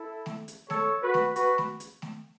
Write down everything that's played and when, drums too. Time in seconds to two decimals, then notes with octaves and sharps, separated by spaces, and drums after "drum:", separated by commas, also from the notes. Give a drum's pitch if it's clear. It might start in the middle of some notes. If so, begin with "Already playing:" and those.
Already playing: E4 A4
0.26 drum: snare A3
0.48 drum: hi-hat
0.70 A4 C#5, drum: snare A3
1.03 F#4 B4
1.14 drum: snare A3
1.36 F#4 B4, drum: hi-hat
1.58 drum: snare A3
1.80 drum: hi-hat
2.02 drum: snare A3